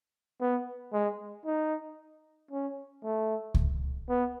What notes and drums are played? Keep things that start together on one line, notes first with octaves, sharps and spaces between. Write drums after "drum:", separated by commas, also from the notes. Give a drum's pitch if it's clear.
B3
G#3
D#4
C#4
A3
drum: kick C#2
B3